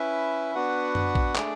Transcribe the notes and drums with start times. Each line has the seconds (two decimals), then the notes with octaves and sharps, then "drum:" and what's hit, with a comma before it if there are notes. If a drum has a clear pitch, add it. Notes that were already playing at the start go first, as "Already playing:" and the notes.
Already playing: C#4 E4 B4 E5
0.55 B3 D4 F#4 B4 F#5
0.95 drum: tom F#2
1.15 drum: kick
1.35 A3 D4 G#4 D5, drum: clap